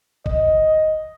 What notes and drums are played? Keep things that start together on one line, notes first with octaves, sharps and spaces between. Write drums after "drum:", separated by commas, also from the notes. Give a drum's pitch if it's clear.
D#5, drum: kick